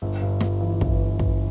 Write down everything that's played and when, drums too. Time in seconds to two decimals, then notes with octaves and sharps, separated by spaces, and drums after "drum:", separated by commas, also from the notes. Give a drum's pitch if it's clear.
0.02 G1
0.22 G2
0.40 G1, drum: snare
0.61 E3
0.81 G1, drum: kick
1.19 drum: kick